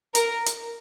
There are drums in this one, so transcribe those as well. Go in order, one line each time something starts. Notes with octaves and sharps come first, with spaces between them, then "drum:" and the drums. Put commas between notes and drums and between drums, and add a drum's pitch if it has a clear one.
A#4, drum: hi-hat
drum: hi-hat